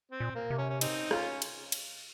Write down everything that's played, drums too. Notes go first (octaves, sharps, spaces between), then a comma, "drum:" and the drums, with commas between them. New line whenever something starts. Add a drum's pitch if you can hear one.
C4
A#2
A#3
C3
C#4
C#4
C4 D#4, drum: cymbal
C#4 F4, drum: rim click
drum: cymbal
drum: cymbal